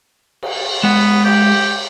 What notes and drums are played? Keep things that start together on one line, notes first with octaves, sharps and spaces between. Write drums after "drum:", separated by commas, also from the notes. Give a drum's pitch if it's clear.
drum: cymbal
G#3 B3 F#5
G4, drum: cymbal